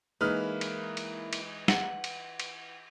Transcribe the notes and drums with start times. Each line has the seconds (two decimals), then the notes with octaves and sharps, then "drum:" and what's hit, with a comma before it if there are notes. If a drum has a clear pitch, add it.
0.21 E3 G#3 A#3 D#4 E4 B4 F6
0.61 drum: cymbal
0.97 drum: cymbal
1.33 drum: cymbal
1.68 F#5, drum: snare
2.04 drum: cymbal
2.40 drum: cymbal